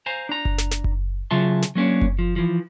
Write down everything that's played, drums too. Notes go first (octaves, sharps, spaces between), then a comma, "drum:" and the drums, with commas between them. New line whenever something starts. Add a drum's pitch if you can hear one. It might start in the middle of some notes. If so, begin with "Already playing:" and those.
C5 F5 G#5 A#5
D4 A#5
drum: kick F#1
drum: snare
drum: snare
drum: kick F#1
C#3 F#3 F4 E5 A5 C6
drum: snare
F#3 A#3 C#4 D4
drum: kick F#1
F3
E3 F3